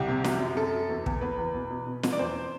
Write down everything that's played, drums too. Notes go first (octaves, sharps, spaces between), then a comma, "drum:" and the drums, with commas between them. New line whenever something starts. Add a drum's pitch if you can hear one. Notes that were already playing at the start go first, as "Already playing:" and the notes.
Already playing: C2 G4
C3
F#3, drum: snare
F#2
F#2 A4
F#3
E2
E2, drum: kick
E2 B4
E2
B2
B2
B2
B2, drum: snare
D5
E2 C5